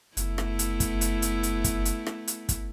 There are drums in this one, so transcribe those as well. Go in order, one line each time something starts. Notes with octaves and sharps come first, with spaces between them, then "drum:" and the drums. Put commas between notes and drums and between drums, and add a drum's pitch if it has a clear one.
F#1 A3 B3 E4, drum: hi-hat
drum: rim click
drum: hi-hat
drum: kick, hi-hat
drum: hi-hat
drum: hi-hat
drum: hi-hat
drum: kick, hi-hat
drum: hi-hat
drum: rim click
drum: hi-hat
drum: kick, hi-hat